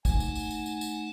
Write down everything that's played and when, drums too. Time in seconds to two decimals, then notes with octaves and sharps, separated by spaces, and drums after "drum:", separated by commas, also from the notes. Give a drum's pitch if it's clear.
0.05 A3 D#4 F#5 G#5, drum: kick, tambourine
0.20 drum: tambourine
0.35 drum: tambourine
0.51 drum: tambourine
0.66 drum: tambourine
0.81 drum: tambourine